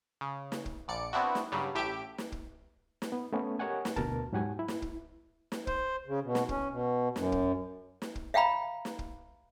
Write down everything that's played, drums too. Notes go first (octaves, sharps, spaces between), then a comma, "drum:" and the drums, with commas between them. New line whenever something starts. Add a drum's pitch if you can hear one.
C#3
drum: snare
drum: kick
A#1 D5 C#7 D7
B3 C4 D4 E4 F#4
drum: snare
G2 C#3 F#3 G3
A1 A2 G4 E5 D7
drum: snare
drum: kick
drum: snare
B3
A3 B3 C#4
G4 A#4 C#5 D#5 F#5 G#5
drum: snare
D2 B2 A#4 A5, drum: kick
G#2 F#3 G4 F#5 G#5
E4
drum: snare
drum: kick
drum: snare
C5, drum: kick
C#3
B2
drum: snare
C#4, drum: kick
B2
F#2, drum: snare
drum: kick
drum: snare
drum: kick
E5 F5 G5 A#5 B5
drum: snare
drum: kick